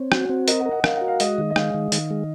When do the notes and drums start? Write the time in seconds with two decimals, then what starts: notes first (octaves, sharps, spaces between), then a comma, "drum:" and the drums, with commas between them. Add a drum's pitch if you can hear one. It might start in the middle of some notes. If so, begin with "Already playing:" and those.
Already playing: C4 C#5
0.12 F#4, drum: rim click
0.29 C4
0.48 A#4 D#5, drum: hi-hat
0.60 F#5
0.66 A#4
0.71 F#5
0.84 A#4 F5, drum: rim click
0.96 F#5
1.01 F#4
1.08 F5
1.20 G#3 D#5, drum: hi-hat
1.38 D#3
1.50 D#5
1.56 G#3 F5, drum: rim click
1.74 D#3
1.92 D#3, drum: hi-hat
2.10 G#3